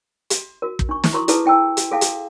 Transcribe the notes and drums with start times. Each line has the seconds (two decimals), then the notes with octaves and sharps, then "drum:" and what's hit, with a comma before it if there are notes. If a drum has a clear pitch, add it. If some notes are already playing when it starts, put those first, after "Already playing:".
0.30 drum: hi-hat
0.62 F#4 A#4
0.79 drum: kick
0.89 D4 C#6
1.04 drum: snare
1.13 E4 F#4 A#4 C6 C#6 D#6
1.28 E4 G#4 A4 B4 A5 D#6, drum: hi-hat
1.45 E4 G5 A5 E6
1.77 drum: hi-hat
1.91 G#4 A4 E5 F5 G5 A5
2.01 drum: hi-hat